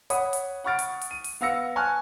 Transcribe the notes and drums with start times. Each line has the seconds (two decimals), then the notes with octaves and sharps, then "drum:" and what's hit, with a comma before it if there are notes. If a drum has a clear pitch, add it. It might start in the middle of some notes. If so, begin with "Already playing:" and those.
0.10 C#5 F#5 B5 D#6, drum: hi-hat
0.33 drum: hi-hat
0.64 F#5 B5 C#6 F6 A6 D7
0.79 drum: hi-hat
1.01 drum: hi-hat
1.11 D#7
1.24 drum: open hi-hat
1.41 B3 F5 E6 A#6 C#7
1.76 G#5 A5 C#6 F6 F#6